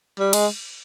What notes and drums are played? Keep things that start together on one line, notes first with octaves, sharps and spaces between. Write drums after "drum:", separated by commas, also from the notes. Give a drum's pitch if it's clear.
G3
G#3, drum: cymbal